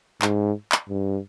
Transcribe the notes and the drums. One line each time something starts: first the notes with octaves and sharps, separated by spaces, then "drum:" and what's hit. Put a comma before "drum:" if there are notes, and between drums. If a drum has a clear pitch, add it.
G#2, drum: clap
drum: clap
G2